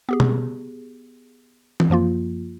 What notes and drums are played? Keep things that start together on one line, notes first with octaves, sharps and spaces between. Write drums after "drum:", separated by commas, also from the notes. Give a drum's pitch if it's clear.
B3 G4 G#4
drum: tom B2
drum: tom E3
F#2 F3 A#3 F4